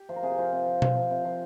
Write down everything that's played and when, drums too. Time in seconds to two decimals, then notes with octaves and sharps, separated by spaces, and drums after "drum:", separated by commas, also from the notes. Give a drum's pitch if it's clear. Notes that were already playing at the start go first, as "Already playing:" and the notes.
Already playing: G4
0.09 F3 F4
0.16 A#4
0.23 C3 G#4
0.31 G4
0.37 F3 F4
0.52 C3
0.67 F3
0.82 C3, drum: tom B2
0.96 F3
1.11 C3
1.25 F3